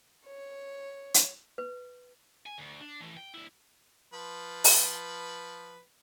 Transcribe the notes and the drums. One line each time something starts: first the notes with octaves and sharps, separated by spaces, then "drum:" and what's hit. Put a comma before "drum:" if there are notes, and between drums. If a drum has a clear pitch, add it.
C#5
drum: hi-hat
B4
G#5
D2
D4
E3 A3
G5
D2 E4
F3 B4
drum: open hi-hat